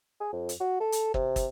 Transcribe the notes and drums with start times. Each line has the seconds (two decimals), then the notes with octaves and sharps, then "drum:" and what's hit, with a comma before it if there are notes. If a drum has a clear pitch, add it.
0.20 G#4
0.32 F2
0.49 drum: hi-hat
0.60 F#4
0.81 A4
0.92 drum: hi-hat
1.14 C3, drum: kick
1.36 drum: kick, hi-hat